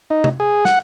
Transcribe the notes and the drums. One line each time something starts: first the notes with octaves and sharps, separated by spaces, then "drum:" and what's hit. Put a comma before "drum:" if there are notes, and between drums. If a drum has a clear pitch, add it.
D#4
drum: tom
G#4
F#5, drum: snare